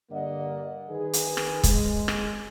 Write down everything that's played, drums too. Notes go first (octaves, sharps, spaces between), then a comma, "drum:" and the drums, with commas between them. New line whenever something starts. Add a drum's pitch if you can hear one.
G2 D3 A#3 D5 D#5 F#5
D#3 G#4 B4
drum: hi-hat
drum: rim click
G#3, drum: kick, hi-hat
drum: rim click